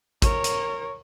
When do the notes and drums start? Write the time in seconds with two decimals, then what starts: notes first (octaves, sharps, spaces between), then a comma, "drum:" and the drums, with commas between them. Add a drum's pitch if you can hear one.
0.22 A#4 C#5, drum: kick, hi-hat
0.44 drum: hi-hat